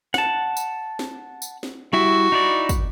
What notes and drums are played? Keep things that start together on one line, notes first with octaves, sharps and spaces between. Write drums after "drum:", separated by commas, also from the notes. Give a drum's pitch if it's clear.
F#5 A5, drum: snare
drum: tambourine
drum: snare
drum: tambourine
drum: snare
G3 E4 F#4 E5
D#4 E4 D5
drum: kick, tambourine